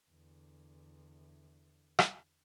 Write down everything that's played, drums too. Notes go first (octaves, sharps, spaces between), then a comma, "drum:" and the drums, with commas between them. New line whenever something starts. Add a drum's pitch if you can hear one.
E2 D3
drum: rim click